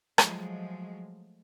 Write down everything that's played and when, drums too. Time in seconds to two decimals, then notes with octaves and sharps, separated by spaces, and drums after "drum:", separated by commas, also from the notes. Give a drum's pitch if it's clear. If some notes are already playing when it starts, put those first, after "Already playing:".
0.18 F3 F#3 G#3 A3, drum: rim click